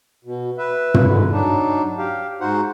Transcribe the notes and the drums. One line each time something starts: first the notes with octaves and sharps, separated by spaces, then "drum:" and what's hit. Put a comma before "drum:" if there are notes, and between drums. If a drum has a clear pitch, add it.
B2
B4 E5
drum: tom
G#2 B2 D3
F#3 D4 D#4
G4 F5
G#2 D#4 F#4 C5 F#5